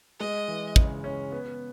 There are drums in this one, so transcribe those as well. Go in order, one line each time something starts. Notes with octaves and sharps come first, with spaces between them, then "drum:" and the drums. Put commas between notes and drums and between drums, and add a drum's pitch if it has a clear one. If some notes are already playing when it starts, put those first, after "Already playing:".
G#3 D#5
E3
C#3, drum: kick
C#4
B3